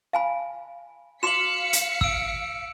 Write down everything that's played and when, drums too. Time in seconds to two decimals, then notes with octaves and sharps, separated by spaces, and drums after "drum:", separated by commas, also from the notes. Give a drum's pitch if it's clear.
0.13 F5 G#5 B5
1.23 F#4 F5 C6 D6 B6 C#7 E7 F#7
1.73 drum: hi-hat
2.01 E6 D7, drum: kick